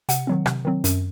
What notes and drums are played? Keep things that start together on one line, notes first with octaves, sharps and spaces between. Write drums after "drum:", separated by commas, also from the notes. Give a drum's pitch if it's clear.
C3 F#5, drum: hi-hat
D#3 F#3 C4
C3, drum: rim click
D#3 F#3 C4
F#2, drum: hi-hat